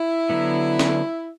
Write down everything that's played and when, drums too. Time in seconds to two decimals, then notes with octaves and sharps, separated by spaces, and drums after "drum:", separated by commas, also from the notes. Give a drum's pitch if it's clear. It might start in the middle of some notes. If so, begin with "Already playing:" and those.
Already playing: E4
0.30 D3 F#3 B3
0.79 drum: snare